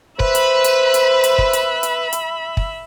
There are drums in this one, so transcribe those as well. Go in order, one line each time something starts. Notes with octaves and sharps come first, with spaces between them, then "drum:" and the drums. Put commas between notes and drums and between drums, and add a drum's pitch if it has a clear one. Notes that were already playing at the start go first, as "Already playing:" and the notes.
B4 C5 E5 B5, drum: kick
drum: hi-hat
drum: hi-hat
drum: hi-hat
drum: hi-hat
drum: kick
drum: hi-hat
drum: hi-hat
drum: hi-hat
drum: kick